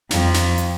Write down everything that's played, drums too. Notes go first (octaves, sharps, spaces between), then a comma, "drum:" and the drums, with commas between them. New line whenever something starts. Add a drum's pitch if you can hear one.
F2, drum: snare
drum: snare
drum: hi-hat